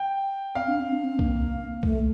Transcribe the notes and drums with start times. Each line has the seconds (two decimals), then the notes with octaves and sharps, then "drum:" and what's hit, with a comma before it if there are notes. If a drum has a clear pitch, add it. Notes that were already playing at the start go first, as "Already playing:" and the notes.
Already playing: G5
0.55 C4 F5
0.68 D4
0.80 C4
0.92 D4
1.04 C4
1.19 A#3, drum: kick B1
1.83 A3, drum: kick B1